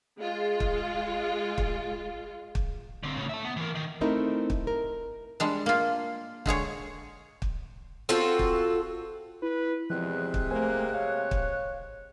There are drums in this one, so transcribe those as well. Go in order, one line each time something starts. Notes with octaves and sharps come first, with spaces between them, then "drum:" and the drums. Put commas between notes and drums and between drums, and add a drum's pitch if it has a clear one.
G#3 F4
drum: kick
drum: kick
drum: kick
D3 C4
A2 C#3
E5 A5
B3
E3 A#4
D#3
A3 C4 D#4 E4 A#4
drum: kick
A#4
G3 G#3 D4
A#3 F4
D3 G#3 G#4 C#5, drum: kick
drum: kick
C4 F4 F#4 A4
drum: kick
E4 B4
E2 C3 F3 G#3 C4 F#6
drum: kick
A3 A#3 C5 G#5
C#5 F5
drum: kick